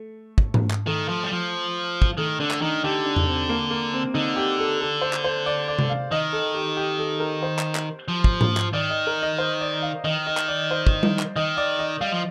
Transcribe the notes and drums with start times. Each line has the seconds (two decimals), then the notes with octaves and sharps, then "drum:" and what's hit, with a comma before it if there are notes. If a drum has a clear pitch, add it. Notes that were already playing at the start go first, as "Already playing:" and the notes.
Already playing: A3
0.38 drum: kick
0.54 drum: tom G#2
0.71 drum: clap
0.87 D#3 A3
1.09 F3
1.24 G3
1.31 F3
2.02 drum: kick
2.18 D#3 A3
2.40 D3 D4
2.51 drum: clap
2.61 D#3 D#4
2.84 D3 G4
3.06 D4
3.16 drum: tom E2
3.28 C4
3.49 A#3
3.70 A#3
3.93 C4
4.14 D3 D#4
4.36 G4
4.59 A4
4.81 A4
5.01 C5
5.13 drum: clap
5.24 C5
5.46 D5
5.68 D5
5.79 drum: tom C3
5.90 F5
6.11 D#3 D#5
6.33 A4
6.54 G4
6.77 G4
6.99 A4
7.20 A#4
7.43 C5
7.59 drum: clap
7.75 drum: clap
8.08 F3
8.24 drum: kick
8.41 drum: tom G#2
8.57 drum: clap
8.73 D#3 D5
8.90 D#5
9.07 A#4
9.23 D#5
9.38 C5
9.61 D5
9.82 F5
10.04 D#3 D#5
10.27 D#5
10.37 drum: clap
10.48 D5
10.71 C5
10.87 drum: kick
11.03 drum: tom G3
11.19 drum: clap
11.36 D#3 D#5
11.57 D5
11.79 D#5
12.01 G3 F5
12.12 F3